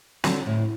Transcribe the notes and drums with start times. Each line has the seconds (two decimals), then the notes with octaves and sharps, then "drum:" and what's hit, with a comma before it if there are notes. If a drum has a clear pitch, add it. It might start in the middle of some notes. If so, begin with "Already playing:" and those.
0.24 D3 F#3, drum: snare
0.46 A2